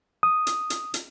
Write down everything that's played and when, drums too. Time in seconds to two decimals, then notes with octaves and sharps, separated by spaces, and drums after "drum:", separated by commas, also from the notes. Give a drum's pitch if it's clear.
0.23 D#6
0.47 drum: hi-hat
0.70 drum: hi-hat
0.94 drum: hi-hat